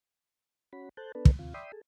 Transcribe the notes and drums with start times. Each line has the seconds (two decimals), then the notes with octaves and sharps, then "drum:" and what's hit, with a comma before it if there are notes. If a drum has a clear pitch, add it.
0.73 C#4 F#4 B5
0.97 A4 C5 A5 F#6 G6
1.15 B3 D4 A4 B4
1.25 drum: kick
1.39 D#2 C3 F4
1.54 D5 E5 G5 B5 C6 D#6
1.72 G#4 A4